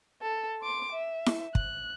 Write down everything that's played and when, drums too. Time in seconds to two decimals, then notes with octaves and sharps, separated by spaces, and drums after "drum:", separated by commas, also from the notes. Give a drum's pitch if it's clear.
0.22 A4
0.62 C6 D6
0.92 E5
1.26 drum: snare E4
1.55 F#6, drum: kick